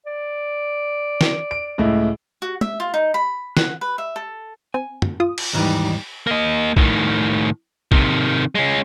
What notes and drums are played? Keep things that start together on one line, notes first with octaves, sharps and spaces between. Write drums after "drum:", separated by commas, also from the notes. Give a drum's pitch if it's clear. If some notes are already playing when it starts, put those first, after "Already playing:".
D5
drum: snare
D7
C#2 A2 E4
F#4
E5, drum: tom
F4
D#4
B5
F#5, drum: snare
B4
E5
A4
C4 G#5
drum: tom
F4 D#6
drum: cymbal
D#2 G#2 E3 G3 D#4
A#3 D#5
A2 D#3, drum: kick
C3 D#3, drum: kick
G#3 C#4